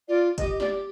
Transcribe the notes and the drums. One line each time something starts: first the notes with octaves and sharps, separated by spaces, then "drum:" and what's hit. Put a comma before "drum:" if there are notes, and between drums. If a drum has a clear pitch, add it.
F4 D5
G4 D#5, drum: kick, hi-hat
D5, drum: snare